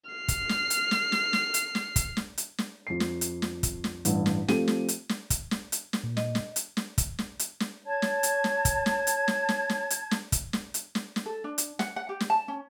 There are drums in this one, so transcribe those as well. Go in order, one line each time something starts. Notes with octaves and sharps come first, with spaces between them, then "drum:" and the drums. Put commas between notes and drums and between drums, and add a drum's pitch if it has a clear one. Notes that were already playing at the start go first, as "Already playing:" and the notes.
F6 C7
drum: kick, hi-hat
drum: snare
drum: hi-hat
drum: snare
drum: snare
drum: snare
drum: hi-hat
drum: snare
drum: kick, hi-hat
drum: snare
drum: hi-hat
drum: snare
F2 C7
drum: snare
drum: hi-hat
drum: snare
drum: kick, hi-hat
drum: snare
A1 G2, drum: hi-hat
drum: snare
F3 A3 C4 G4 D#7, drum: snare
drum: snare
drum: hi-hat
drum: snare
drum: kick, hi-hat
drum: snare
drum: hi-hat
drum: snare
A#2
D#5, drum: snare
drum: snare
drum: hi-hat
drum: snare
drum: kick, hi-hat
drum: snare
drum: hi-hat
drum: snare
C#5 A5 G#6
drum: snare
drum: hi-hat
drum: snare
drum: kick, hi-hat
drum: snare
drum: hi-hat
drum: snare
drum: snare
drum: snare
drum: hi-hat
drum: snare
drum: kick, hi-hat
drum: snare
drum: hi-hat
drum: snare
drum: snare
A4
D4
drum: hi-hat
F#5, drum: snare
F#5
G4
drum: snare
A5
C#4